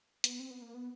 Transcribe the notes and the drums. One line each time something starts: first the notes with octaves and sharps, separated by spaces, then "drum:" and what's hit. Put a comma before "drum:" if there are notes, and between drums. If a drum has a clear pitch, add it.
B3, drum: hi-hat
C4
B3
A#3
B3